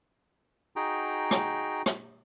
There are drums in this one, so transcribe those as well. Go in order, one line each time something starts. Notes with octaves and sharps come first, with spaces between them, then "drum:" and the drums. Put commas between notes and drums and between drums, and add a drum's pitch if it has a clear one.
D#4 F#4 G#4 G5 A#5
drum: rim click
drum: rim click